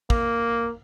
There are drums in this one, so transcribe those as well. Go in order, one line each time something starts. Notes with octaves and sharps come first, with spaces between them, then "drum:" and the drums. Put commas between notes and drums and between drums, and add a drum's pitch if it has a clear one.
A#3, drum: kick